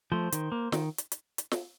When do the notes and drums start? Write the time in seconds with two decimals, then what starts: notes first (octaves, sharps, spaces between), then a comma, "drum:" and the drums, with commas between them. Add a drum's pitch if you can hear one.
0.12 F3 A3 C5
0.32 D#3, drum: hi-hat
0.52 A#3
0.72 D#3, drum: snare
0.98 drum: hi-hat
1.12 drum: hi-hat
1.38 drum: hi-hat
1.51 drum: snare